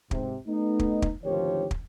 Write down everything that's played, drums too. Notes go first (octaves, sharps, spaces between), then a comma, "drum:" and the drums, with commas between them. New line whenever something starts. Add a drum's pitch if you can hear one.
G#2 C3, drum: kick
A3 B3 D#4
drum: kick
drum: kick
G#1 D2 D#3 F3 G4 C#5
drum: kick